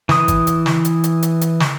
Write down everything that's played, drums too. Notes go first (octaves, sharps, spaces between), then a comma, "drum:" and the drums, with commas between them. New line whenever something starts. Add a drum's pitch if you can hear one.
E3 D#6, drum: snare
drum: kick G#1, hi-hat
drum: hi-hat
drum: snare
drum: hi-hat
drum: hi-hat
drum: hi-hat
drum: hi-hat
drum: snare